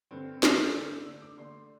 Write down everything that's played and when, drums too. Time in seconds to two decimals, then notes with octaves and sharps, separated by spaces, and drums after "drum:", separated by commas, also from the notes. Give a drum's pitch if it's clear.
0.11 G2 D3 C4
0.43 D3 A3 D4 G6, drum: snare
0.64 G6
0.74 D3 A3 D4 E6
1.05 D3 A3 D4 E6
1.22 D6
1.38 D3 A3 D4 C6